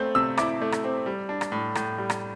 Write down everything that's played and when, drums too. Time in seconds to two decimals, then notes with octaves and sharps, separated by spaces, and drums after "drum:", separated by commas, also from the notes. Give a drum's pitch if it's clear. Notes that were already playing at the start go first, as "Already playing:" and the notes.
Already playing: A3 C4 G6
0.15 C3 E6
0.37 E4 D6, drum: rim click
0.62 A3
0.72 drum: rim click
0.84 C4
1.06 G3
1.29 D4
1.41 drum: rim click
1.52 A2
1.75 A2, drum: rim click
1.98 G3
2.10 drum: rim click